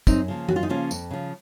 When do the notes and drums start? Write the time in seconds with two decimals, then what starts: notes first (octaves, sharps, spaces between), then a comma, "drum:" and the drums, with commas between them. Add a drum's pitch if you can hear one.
0.07 F#2 C4 D#4, drum: kick, tambourine
0.28 C#3 F3 A#3
0.49 F#2 F#4, drum: tom E3
0.56 F4
0.63 D#4
0.69 C#3 F3 A#3 C#4 F4
0.91 F2, drum: tambourine
1.11 C#3 F3